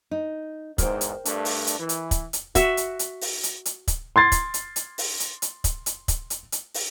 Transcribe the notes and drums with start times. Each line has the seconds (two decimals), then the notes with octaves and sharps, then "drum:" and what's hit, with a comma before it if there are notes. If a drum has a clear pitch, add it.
0.11 D#4
0.78 E2 G#2 A#4 C5 G5, drum: kick, hi-hat
1.01 drum: hi-hat
1.25 G2 A3 D4, drum: hi-hat
1.45 drum: open hi-hat
1.67 drum: hi-hat
1.79 E3
1.89 drum: hi-hat
2.11 drum: kick, hi-hat
2.33 drum: hi-hat
2.55 F#4 E5, drum: kick, hi-hat
2.77 drum: hi-hat
2.99 drum: hi-hat
3.21 drum: open hi-hat
3.43 drum: hi-hat
3.65 drum: hi-hat
3.88 drum: kick, hi-hat
4.16 C6 G#6 A6 C7
4.32 drum: kick, hi-hat
4.54 drum: hi-hat
4.76 drum: hi-hat
4.98 drum: open hi-hat
5.20 drum: hi-hat
5.42 drum: hi-hat
5.64 drum: kick, hi-hat
5.86 drum: hi-hat
6.08 drum: kick, hi-hat
6.30 drum: hi-hat
6.52 drum: hi-hat
6.74 drum: open hi-hat